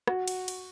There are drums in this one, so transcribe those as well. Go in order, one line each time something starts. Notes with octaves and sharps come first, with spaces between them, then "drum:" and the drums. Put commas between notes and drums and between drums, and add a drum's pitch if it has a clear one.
F#4, drum: rim click
drum: cymbal
drum: cymbal